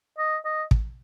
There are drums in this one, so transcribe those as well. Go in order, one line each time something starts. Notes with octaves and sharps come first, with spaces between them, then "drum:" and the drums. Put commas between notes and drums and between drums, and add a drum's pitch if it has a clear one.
D#5
D#5
drum: kick